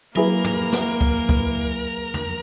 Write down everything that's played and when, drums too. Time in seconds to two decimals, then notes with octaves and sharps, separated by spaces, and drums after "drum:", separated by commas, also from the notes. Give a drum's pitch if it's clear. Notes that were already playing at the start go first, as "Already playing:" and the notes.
0.16 F#3 A#3 E4 G#4 A#4 B4
0.44 drum: tom
0.72 drum: snare
1.01 drum: kick C#2
1.29 drum: kick C#2
2.14 drum: tom